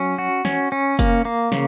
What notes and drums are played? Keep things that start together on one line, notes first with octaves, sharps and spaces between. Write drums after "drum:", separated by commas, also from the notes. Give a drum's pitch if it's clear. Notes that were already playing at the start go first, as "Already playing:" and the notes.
Already playing: F#3 C#4
F#4
C#4, drum: snare
C#4
A#3, drum: kick, hi-hat
A#3
C#3, drum: snare